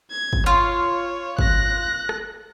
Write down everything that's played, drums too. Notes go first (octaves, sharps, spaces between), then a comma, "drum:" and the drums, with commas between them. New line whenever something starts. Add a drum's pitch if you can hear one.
G#6
drum: kick
F4 C#5
F#6 A#6, drum: kick
drum: rim click